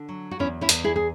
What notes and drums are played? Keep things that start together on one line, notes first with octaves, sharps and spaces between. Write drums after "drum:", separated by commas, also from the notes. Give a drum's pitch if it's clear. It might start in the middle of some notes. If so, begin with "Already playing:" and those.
Already playing: D3
F#3
F#4
E2 C#4 E4
C#4 E4
E2, drum: hi-hat
E4 G#4
G#4